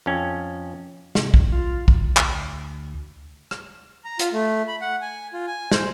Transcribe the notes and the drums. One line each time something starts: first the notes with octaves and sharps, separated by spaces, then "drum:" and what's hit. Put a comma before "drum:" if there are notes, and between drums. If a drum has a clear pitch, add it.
F2 C#4
C3, drum: snare
drum: kick
F4
D2, drum: kick
drum: clap
drum: rim click
A#5
F4, drum: hi-hat
A3
B5
F#5
G#5
F4
G#5
C5, drum: snare